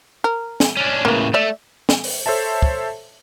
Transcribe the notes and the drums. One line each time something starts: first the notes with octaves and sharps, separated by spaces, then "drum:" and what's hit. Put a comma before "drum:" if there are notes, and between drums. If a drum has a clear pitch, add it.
A#4
drum: snare
C#4 D4
A2 C#3 A#3 B3
A3 D5 E5
drum: snare
drum: open hi-hat
A4 C5 C#5 E5 A5
drum: kick